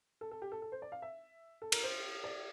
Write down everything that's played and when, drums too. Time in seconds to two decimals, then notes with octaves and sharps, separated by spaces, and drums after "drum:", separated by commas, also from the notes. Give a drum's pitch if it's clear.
0.21 A4
0.31 A4
0.42 G4
0.52 A4
0.62 A4
0.72 C5
0.82 D5
0.92 F5
1.02 E5
1.62 A4
1.72 A#4, drum: cymbal
1.83 C5
2.24 D5